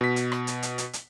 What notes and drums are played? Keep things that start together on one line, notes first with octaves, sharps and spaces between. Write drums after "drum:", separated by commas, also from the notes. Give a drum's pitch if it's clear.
B2 B6
drum: hi-hat
drum: rim click
drum: hi-hat
drum: hi-hat
drum: hi-hat
drum: hi-hat